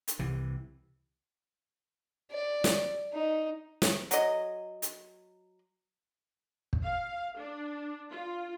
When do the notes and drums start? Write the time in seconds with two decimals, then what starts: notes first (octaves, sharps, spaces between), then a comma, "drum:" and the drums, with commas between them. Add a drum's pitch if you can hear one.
0.08 drum: hi-hat
0.19 C2 C3 E3
2.31 D5
2.64 drum: snare
3.14 D#4
3.82 drum: snare
4.11 F#3 D#5, drum: hi-hat
4.82 drum: hi-hat
6.73 drum: kick
6.83 F5
7.37 D4
8.10 F4